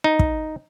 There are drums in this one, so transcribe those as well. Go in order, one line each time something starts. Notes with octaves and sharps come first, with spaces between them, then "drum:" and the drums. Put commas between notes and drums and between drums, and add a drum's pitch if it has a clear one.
D#4
drum: kick